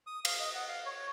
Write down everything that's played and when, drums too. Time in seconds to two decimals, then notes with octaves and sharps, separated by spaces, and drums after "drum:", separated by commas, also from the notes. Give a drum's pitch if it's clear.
0.07 D#6
0.25 F5, drum: cymbal
0.39 D#5
0.55 F#5
0.69 F5
0.86 C#5